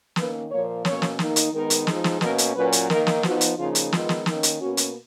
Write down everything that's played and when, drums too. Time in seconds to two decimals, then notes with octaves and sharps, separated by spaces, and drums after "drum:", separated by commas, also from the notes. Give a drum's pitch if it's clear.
0.16 D#3 A#3 C#4 B4, drum: snare
0.50 A#2 F3 A#3 C#5
0.85 B2 A#3 C#4 C#5, drum: snare
1.02 drum: snare
1.19 D#3 A#3 D#4, drum: snare
1.36 drum: hi-hat
1.52 D#3 G#3 B3 D#4 A#4
1.70 drum: hi-hat
1.87 F3 G#3 D#4, drum: snare
2.04 drum: snare
2.21 B2 A#3 C#4 A#4, drum: snare
2.38 drum: hi-hat
2.55 A#2 F#3 C#4 B4
2.72 drum: hi-hat
2.90 D#3 A#3 D#4 A#4, drum: snare
3.07 drum: snare
3.23 F3 B3 D#4 F#4, drum: snare
3.41 drum: hi-hat
3.58 C#3 F3 A#3 D#4 F4
3.75 drum: hi-hat
3.92 D#3 G#3 B3 D#4 F4, drum: snare
4.09 drum: snare
4.26 D#3 A#3 C#4, drum: snare
4.43 drum: hi-hat
4.60 B2 A#3 C#4 F#4
4.77 drum: hi-hat